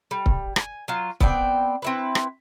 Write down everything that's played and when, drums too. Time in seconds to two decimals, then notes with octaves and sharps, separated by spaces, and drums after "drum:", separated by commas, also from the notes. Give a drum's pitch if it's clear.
0.11 G3
0.26 drum: kick C#1
0.56 G#5, drum: rim click
0.88 F#3 F4
1.20 B3 C4 D5 G5, drum: kick C#1
1.82 C4 E4 B4
2.15 drum: rim click